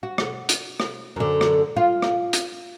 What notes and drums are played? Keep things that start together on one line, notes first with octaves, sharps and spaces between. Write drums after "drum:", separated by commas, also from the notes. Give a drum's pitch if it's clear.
F#4
drum: rim click
drum: hi-hat
drum: rim click
F#2 D3
drum: rim click
F4
drum: rim click
drum: hi-hat